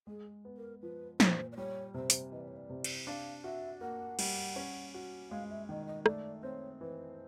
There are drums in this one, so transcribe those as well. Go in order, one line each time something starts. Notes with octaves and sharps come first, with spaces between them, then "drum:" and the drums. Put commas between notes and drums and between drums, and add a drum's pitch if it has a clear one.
G#3 G#4
B3
A#4
F3 B4
A#2 C5, drum: snare
D5
G3 C#5
C3 C5
drum: hi-hat
E3 D#5
D5
C#5
D5
C3
drum: cymbal
D4 F5
F#4 E5
A#3 F#5
G3, drum: cymbal
C#4
F#4
G#3 F5
E5
D#3 D#5
D#5
A3 D5, drum: rim click
C4 C#5
E3 C5